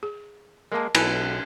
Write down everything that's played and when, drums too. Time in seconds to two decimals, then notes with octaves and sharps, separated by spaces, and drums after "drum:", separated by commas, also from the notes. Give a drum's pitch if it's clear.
0.03 G#4
0.72 G#3 A#3 A#4 A5
0.95 B1 E4 A4 B4 G#5, drum: cymbal